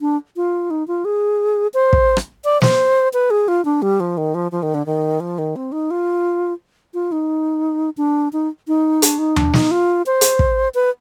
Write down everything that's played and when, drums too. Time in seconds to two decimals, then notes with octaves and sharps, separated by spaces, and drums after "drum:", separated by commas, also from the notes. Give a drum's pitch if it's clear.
0.01 D4
0.36 F4
0.70 D#4
0.88 F4
1.05 G#4
1.74 C5
1.93 drum: kick
2.17 drum: rim click
2.44 D5
2.62 C5, drum: snare
3.13 B4
3.31 G#4
3.48 F4
3.65 D4
3.82 G3
4.00 F3
4.17 D#3
4.35 F3
4.52 F3
4.63 D#3
4.74 D3
4.86 D#3
5.20 F3
5.38 D#3
5.56 C4
5.72 D#4
5.91 F4
6.94 F4
7.12 D#4
7.97 D4
8.33 D#4
8.68 D#4
9.02 D4, drum: hi-hat
9.19 D#4
9.36 D4, drum: tom D#2
9.54 D#4, drum: snare
9.71 F4
10.06 C5
10.21 drum: hi-hat
10.39 drum: kick
10.75 B4